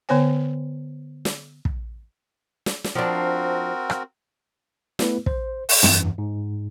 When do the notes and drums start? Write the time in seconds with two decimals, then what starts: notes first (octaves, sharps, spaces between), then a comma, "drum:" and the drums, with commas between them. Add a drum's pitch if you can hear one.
0.09 D3 B3 C5 C#5 G#5
1.25 drum: snare
1.65 drum: kick
2.66 drum: snare
2.84 drum: snare
2.95 F3 C4 D4 F#4 A#4
3.90 drum: rim click
4.99 A3 B3 E4 B4, drum: snare
5.26 C5, drum: kick
5.69 drum: open hi-hat
5.83 G2 E3, drum: tom
6.18 G#2